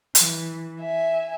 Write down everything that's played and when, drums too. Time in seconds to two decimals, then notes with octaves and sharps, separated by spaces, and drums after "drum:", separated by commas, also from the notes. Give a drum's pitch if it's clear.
0.15 E3, drum: hi-hat
0.80 E5 G#5